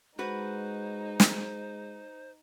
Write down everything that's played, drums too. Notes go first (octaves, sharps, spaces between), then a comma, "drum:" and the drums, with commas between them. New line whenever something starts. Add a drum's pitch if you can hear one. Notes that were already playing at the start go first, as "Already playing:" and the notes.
G#3 D#4 F#4 B4 C5
drum: snare